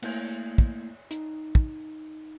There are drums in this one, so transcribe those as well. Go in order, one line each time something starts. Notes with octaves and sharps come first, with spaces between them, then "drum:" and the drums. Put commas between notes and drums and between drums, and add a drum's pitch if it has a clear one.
A3 A#3 E4 G6 G#6, drum: cymbal
drum: kick
D#4, drum: hi-hat
drum: kick